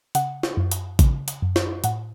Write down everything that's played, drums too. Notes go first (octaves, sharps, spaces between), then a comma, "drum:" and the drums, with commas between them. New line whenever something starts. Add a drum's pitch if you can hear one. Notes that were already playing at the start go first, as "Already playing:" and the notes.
C#3 F#5, drum: hi-hat
drum: snare
F#2
drum: hi-hat
C#3, drum: kick, hi-hat
drum: hi-hat
F#2
drum: snare
A2 F#5, drum: hi-hat